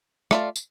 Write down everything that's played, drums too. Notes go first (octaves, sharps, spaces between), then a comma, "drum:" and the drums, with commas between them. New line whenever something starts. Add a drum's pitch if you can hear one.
A3 F4 D5, drum: rim click
drum: tambourine